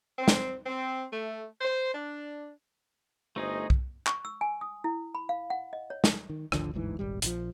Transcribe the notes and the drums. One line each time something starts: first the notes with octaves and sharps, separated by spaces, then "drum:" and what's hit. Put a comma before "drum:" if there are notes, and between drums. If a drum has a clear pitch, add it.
C4
drum: snare
C4
A3
C5
D4
G1 A3 D#4 G#4 C5 D#5
drum: kick B1
C#6, drum: clap
E6
G#5
D#6
E4
B5
F5
F#5
D#5
C#5
drum: snare
D#3
G#1 D2 D3 F3, drum: rim click
G1 D2 G#2 E3
D#1 G#1 G3
A#1 D#3 F3, drum: hi-hat